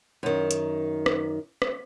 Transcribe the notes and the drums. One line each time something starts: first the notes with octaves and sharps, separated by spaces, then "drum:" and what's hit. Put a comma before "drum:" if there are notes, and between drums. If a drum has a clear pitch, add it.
F#2 D#3
drum: hi-hat
drum: rim click
drum: rim click